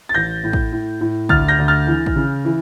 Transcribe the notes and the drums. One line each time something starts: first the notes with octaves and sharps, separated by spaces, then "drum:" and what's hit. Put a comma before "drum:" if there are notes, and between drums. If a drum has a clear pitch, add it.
A6
A1 G6 A#6
A2
drum: kick
A2
A2
D2 F6 A6, drum: kick
G6 A#6
D2
F6 A6
E3
drum: kick
C#3
E3